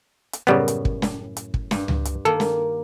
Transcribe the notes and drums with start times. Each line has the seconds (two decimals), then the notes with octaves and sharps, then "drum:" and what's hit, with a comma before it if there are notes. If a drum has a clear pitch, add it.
0.33 drum: hi-hat
0.47 F#2 A2 C#3 G3 B3
0.68 drum: hi-hat
0.85 drum: kick
1.02 drum: snare
1.37 drum: hi-hat
1.54 drum: kick
1.71 G2, drum: snare
1.88 drum: tom C#2
2.05 drum: hi-hat
2.25 D#3 A#3 A4
2.40 drum: snare